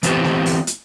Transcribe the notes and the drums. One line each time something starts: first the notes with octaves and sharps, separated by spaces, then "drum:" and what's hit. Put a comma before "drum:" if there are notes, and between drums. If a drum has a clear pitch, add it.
E3 B3 C4 F4 G4 C5, drum: hi-hat
drum: snare A3
drum: open hi-hat
drum: hi-hat